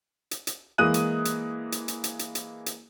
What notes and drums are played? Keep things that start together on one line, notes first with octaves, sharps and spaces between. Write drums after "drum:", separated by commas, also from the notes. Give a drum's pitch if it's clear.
drum: hi-hat
drum: hi-hat
E3 G#3 A#3 D#6 F#6 D#7
drum: hi-hat
drum: hi-hat
drum: hi-hat
drum: hi-hat
drum: hi-hat
drum: hi-hat
drum: hi-hat
drum: hi-hat